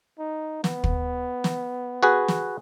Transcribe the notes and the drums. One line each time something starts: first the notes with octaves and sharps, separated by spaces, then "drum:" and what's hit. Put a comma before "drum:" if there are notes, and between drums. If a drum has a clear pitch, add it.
D#4
B3, drum: snare
drum: kick
drum: snare
F#4 G#4 B4
drum: snare